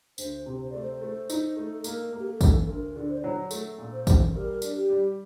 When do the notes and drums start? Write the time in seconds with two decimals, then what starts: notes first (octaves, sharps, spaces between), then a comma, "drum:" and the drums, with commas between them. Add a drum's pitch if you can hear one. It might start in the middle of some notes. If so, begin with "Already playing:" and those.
0.18 D2 C5, drum: tambourine
0.46 C3
0.61 C5
0.70 A3 D5
0.81 C5
1.01 A3
1.30 D#4, drum: tambourine
1.56 A3
1.74 A4
1.84 A#3 A#4, drum: tambourine
2.12 A#3
2.19 G4
2.26 A4
2.41 A#3, drum: kick A1, tambourine
2.57 A4
2.68 D2 A#4
2.96 D3
3.09 C5
3.17 D5
3.24 F#3 C5
3.51 A3, drum: tambourine
3.78 A#2
3.92 C5
4.07 A3, drum: kick A1, tambourine
4.34 G3 A#4
4.62 D4, drum: tambourine
4.75 G4
4.90 G3